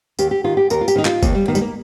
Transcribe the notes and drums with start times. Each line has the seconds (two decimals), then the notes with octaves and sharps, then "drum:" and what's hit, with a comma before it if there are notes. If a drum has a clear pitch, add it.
0.19 D#2 G4, drum: tambourine
0.31 G4
0.44 D#3 F4
0.57 G4
0.70 D#2 A#4, drum: tambourine
0.81 F4
0.88 G4, drum: tambourine
0.96 D#3 D#4
1.05 F4, drum: clap
1.23 D#2 A#3, drum: kick, tambourine
1.35 G3
1.48 D#3 A#3
1.55 G3, drum: tambourine
1.61 A#3